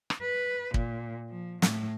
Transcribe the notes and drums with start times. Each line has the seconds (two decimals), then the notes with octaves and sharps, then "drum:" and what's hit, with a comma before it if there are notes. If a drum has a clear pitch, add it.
0.10 drum: rim click
0.21 B4
0.74 A#2, drum: kick
1.30 F3
1.62 A2, drum: snare